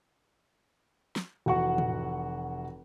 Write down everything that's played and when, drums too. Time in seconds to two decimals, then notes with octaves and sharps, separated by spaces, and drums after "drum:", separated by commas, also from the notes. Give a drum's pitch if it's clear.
1.16 drum: snare
1.46 F1 E3 F#4 F#5 C#6
1.78 drum: tom